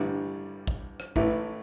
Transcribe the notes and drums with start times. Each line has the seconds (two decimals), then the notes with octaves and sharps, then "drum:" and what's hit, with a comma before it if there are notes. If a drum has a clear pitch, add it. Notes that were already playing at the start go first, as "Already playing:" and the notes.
Already playing: A1 G2 D3 G3
0.67 drum: kick A1
1.00 drum: rim click
1.16 A1 A2 E3 A3, drum: kick A1